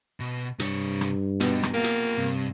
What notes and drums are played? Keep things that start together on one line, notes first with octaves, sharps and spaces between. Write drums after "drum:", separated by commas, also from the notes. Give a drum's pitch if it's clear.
B2
G2 C3 C#5, drum: hi-hat
drum: rim click
B2 D#4 G4, drum: hi-hat
drum: rim click
A#3 F4 G4
drum: hi-hat
G2 C3